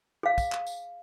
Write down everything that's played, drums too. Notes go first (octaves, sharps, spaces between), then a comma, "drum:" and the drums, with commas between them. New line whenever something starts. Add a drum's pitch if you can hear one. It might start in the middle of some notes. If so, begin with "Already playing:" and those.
G#4 F5
drum: kick, tambourine
drum: clap
drum: tambourine